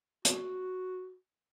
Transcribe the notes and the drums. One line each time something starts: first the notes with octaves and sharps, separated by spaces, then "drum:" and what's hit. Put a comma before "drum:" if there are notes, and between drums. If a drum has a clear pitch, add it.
F#4, drum: hi-hat